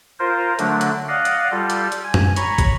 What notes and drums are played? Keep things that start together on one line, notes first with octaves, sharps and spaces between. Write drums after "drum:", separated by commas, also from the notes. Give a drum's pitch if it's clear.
F4 A#4 C5
D3 F#3 A3 D4, drum: hi-hat
drum: hi-hat
D5 D#5 F5 F#5
drum: hi-hat
G3 F4 G4 A4
drum: hi-hat
drum: hi-hat
G#5
drum: tom F#2
C#5 A#5 B5 C#6, drum: hi-hat
drum: kick, hi-hat